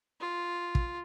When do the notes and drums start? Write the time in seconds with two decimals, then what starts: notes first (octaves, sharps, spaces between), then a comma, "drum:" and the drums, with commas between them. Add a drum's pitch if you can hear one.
0.21 F4
0.75 drum: kick